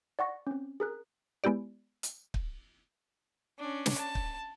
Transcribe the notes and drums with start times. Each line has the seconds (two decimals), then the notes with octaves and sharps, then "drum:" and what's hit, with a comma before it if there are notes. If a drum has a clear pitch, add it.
0.19 D5 F#5 C#6 A#6
0.47 C4 C#4
0.80 G#4 A#4 F#6
1.44 G#3 B3 E4 G4 D5
2.03 drum: hi-hat
2.34 drum: kick
3.59 C#4 D4
3.86 drum: snare
3.98 A5
4.15 drum: kick